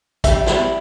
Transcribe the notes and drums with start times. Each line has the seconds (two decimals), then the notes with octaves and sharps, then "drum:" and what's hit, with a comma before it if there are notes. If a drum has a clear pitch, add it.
0.24 G3 E5, drum: kick, hi-hat
0.46 E4, drum: snare